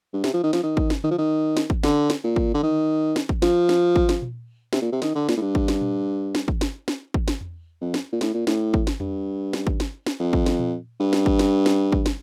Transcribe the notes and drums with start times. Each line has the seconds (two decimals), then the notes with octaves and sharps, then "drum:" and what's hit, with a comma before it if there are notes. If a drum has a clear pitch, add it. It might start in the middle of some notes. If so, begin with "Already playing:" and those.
0.13 G2
0.24 C3, drum: snare
0.34 F3
0.43 D#3
0.53 F3, drum: snare
0.63 D#3
0.77 drum: kick
0.90 drum: snare
1.04 D#3, drum: tom D3
1.11 F3
1.18 D#3
1.57 drum: snare
1.70 drum: kick
1.83 D3, drum: snare
2.10 drum: snare
2.24 A#2
2.36 drum: kick
2.54 D3
2.63 D#3, drum: tom D3
3.16 drum: snare
3.29 drum: kick
3.42 F3, drum: snare
3.69 drum: snare
3.96 drum: kick
4.09 drum: snare
4.22 drum: tom A#2
4.73 C3, drum: snare
4.81 A#2
4.92 C3
5.02 D#3, drum: snare
5.15 D3
5.29 A#2, drum: snare
5.37 A2
5.41 G2
5.55 drum: kick
5.68 drum: snare
5.82 drum: tom A#2
6.35 drum: snare
6.48 drum: kick
6.61 drum: snare
6.88 drum: snare
7.14 drum: kick
7.28 drum: snare
7.41 drum: tom E2
7.81 F2
7.94 drum: snare
8.12 A#2
8.21 A2, drum: snare
8.34 A#2
8.47 A2, drum: snare
8.74 drum: kick
8.87 drum: snare
9.00 G2, drum: tom E2
9.53 drum: snare
9.67 drum: kick
9.80 drum: snare
10.06 drum: snare
10.20 F2
10.33 drum: kick
10.46 drum: snare
10.60 drum: tom A#2
11.00 G2
11.13 drum: snare
11.26 drum: kick
11.39 drum: snare
11.66 drum: snare
11.92 drum: kick
12.06 drum: snare